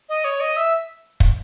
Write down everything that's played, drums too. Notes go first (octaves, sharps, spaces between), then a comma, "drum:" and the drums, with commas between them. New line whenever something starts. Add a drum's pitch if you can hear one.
D#5
C#5
D#5
E5
drum: kick